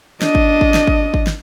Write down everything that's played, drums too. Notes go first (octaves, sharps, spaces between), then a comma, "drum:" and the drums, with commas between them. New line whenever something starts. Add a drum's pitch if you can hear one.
D4 D#5, drum: snare
drum: kick G#1
drum: kick G#1
drum: snare
drum: kick G#1
drum: kick G#1
drum: snare